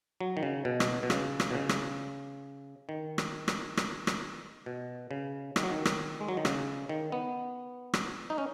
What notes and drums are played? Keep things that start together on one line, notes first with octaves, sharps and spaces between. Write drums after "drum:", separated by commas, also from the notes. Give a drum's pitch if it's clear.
F#3
D#3
C#3
B2
drum: rim click
B2
C#3, drum: rim click
drum: rim click
B2
C#3
drum: rim click
D#3
drum: rim click
drum: rim click
drum: rim click
drum: rim click
B2
C#3
D#3, drum: rim click
F#3
D#3
drum: rim click
G#3
F#3
D#3
C#3, drum: rim click
D#3
B3
drum: rim click
D#4
C#4